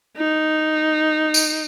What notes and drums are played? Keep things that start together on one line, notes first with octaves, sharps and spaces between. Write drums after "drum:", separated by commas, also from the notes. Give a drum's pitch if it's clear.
D#4
drum: tambourine